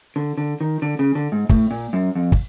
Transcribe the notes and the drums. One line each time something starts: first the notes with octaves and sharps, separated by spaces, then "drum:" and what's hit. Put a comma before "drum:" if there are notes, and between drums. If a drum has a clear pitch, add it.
D3
D3
D#3
D3
C#3
D3
G#2
A2, drum: kick
A#2
F#2
F2
drum: kick